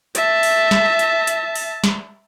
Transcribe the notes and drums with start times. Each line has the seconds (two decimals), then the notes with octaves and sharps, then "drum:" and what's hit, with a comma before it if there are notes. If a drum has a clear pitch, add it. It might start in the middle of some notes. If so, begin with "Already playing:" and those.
0.15 E5 A5, drum: hi-hat
0.43 drum: open hi-hat
0.71 drum: snare
0.99 drum: hi-hat
1.27 drum: hi-hat
1.55 drum: open hi-hat
1.84 drum: snare